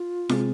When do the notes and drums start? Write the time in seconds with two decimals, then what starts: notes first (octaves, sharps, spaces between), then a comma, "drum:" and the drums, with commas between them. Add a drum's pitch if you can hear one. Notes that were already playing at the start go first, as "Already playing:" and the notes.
Already playing: F4
0.29 C3 G#3 C4 G#4, drum: snare